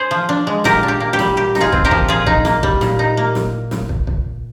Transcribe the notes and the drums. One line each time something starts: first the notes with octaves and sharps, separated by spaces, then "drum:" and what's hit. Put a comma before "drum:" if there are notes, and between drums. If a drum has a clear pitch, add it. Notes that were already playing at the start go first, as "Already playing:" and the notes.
Already playing: G#4 C5
F3
D4
G#3
A#2 G4 A#4, drum: snare
D4
G4
A#3
G4
G3, drum: snare
A#2 G4
D#4, drum: snare
F4 G#4
C4, drum: kick
G4 A#4
F3, drum: kick
A#2 F4 G#4
D#4, drum: kick
A#3, drum: snare
G3, drum: kick
A#2, drum: snare
D#4
A#3
drum: snare
drum: snare
drum: kick
drum: kick